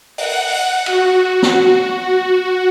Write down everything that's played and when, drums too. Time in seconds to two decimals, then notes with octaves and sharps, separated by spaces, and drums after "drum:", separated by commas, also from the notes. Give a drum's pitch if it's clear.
0.18 F#5, drum: open hi-hat
0.48 drum: open hi-hat
0.86 F#4, drum: cymbal
1.42 drum: snare
1.97 F#4